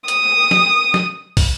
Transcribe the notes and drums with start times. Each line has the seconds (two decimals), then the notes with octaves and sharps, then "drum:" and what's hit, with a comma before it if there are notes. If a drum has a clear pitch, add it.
0.08 D#6, drum: hi-hat
0.51 drum: snare
0.94 drum: snare
1.37 drum: kick, open hi-hat